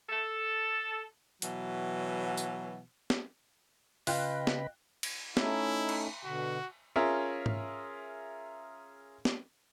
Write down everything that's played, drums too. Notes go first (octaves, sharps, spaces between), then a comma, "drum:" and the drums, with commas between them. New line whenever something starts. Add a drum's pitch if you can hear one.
A4
B2 E3 F#3, drum: hi-hat
drum: tambourine
drum: snare
C#3 F4 B4 D#5 G5 B5 F#6, drum: open hi-hat
drum: snare
drum: cymbal
A3 C#4 D#4 E4, drum: snare
drum: cymbal
B2 D3 F#4
C#4 F4 G#4 A#4 E5
drum: tom G#2
drum: snare